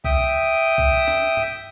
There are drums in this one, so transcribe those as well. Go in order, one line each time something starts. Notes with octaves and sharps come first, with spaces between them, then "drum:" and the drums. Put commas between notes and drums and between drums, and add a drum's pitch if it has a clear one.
E5 G5 D#6, drum: kick C2
drum: kick C2
drum: snare
drum: tom G2